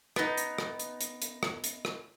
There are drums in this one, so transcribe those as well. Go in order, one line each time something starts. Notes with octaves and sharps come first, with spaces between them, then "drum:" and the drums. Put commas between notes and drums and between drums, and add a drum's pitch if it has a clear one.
B3 D#4, drum: rim click
drum: hi-hat
drum: rim click
drum: hi-hat
drum: hi-hat
drum: hi-hat
drum: rim click
drum: hi-hat
drum: rim click